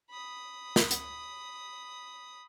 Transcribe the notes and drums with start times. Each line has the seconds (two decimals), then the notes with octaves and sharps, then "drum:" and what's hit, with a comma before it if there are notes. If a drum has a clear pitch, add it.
0.10 B5 D#6
0.76 drum: snare
0.91 drum: hi-hat